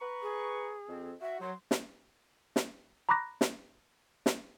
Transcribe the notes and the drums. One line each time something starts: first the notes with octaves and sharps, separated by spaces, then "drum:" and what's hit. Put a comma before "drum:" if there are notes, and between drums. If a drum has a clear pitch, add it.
B4 A#5 C#6
G#4
F2 C4
F#4 E5
F#3 C6
drum: snare
drum: snare
A#5 B5 C#6 D6 F#6 A#6
drum: snare
drum: snare